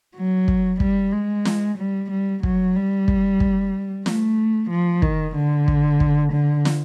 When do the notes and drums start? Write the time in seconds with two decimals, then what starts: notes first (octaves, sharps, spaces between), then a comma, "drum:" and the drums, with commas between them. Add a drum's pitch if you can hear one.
0.16 F#3
0.48 drum: kick
0.80 G3, drum: kick
1.13 G#3
1.45 drum: snare
1.77 G3
2.10 G3
2.43 F#3, drum: kick
2.76 G3
3.08 drum: kick
3.40 drum: kick
4.06 A3, drum: snare
4.70 F3
5.02 D#3, drum: kick
5.36 D3
5.68 drum: kick
6.00 drum: kick
6.32 D3
6.65 drum: snare